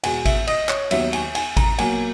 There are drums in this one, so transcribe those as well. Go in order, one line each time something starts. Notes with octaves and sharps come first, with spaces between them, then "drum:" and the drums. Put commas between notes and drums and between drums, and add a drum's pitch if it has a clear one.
E2 B2 G#3 B3 G#5, drum: cymbal
E5, drum: kick G#1, cymbal
D#5, drum: cymbal
C#5, drum: clap
D#2 D#3 F#3 B3 E5, drum: cymbal
G#5, drum: cymbal
G#5, drum: cymbal
A#5, drum: kick G#1, cymbal
B2 F#3 A#3 G#5, drum: cymbal